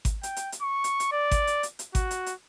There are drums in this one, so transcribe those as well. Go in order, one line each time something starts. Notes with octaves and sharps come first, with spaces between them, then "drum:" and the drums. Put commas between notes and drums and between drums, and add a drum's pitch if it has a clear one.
drum: kick G#1, hi-hat
G5, drum: hi-hat
drum: hi-hat
drum: hi-hat
C#6
drum: hi-hat
drum: hi-hat
D5
drum: kick G#1, hi-hat
drum: hi-hat
drum: hi-hat
drum: hi-hat
F#4, drum: kick G#1, hi-hat
drum: hi-hat
drum: hi-hat